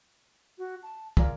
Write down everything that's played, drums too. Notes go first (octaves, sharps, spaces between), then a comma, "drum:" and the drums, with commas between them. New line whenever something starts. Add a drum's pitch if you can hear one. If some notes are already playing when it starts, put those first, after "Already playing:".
F#4
A5
F4 G#4 A#4 D5, drum: kick